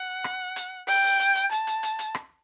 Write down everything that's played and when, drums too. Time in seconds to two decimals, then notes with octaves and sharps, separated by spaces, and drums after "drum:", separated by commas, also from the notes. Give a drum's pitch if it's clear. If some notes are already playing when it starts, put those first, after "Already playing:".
Already playing: F#5
0.24 drum: rim click
0.56 drum: hi-hat
0.88 G5, drum: open hi-hat
1.04 drum: open hi-hat
1.19 drum: hi-hat
1.35 drum: hi-hat
1.52 A5, drum: hi-hat
1.67 drum: hi-hat
1.83 drum: hi-hat
1.99 drum: hi-hat
2.15 drum: rim click